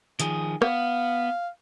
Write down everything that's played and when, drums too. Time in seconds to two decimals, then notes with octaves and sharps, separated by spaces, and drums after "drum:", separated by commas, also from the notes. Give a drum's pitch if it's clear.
0.20 D#3 F3 G#4, drum: hi-hat
0.62 B3 F5, drum: rim click